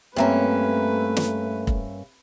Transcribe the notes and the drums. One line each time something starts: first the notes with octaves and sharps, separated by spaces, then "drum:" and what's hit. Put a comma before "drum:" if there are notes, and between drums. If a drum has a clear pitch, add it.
G2 A3 A#3 C4 C#4 B4 E5 A#5
drum: snare
drum: kick